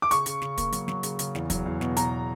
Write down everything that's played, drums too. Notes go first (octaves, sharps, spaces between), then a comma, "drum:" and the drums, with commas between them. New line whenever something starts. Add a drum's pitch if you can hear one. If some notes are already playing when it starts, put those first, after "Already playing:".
D6
C#3 C#6, drum: hi-hat
C#3, drum: hi-hat
C#3, drum: snare
A#3, drum: kick, hi-hat
F#3, drum: hi-hat
F#3, drum: snare
C#3, drum: hi-hat
C#3, drum: hi-hat
E2, drum: snare
F#3, drum: kick, hi-hat
E2
B2, drum: snare
B2 A#5, drum: hi-hat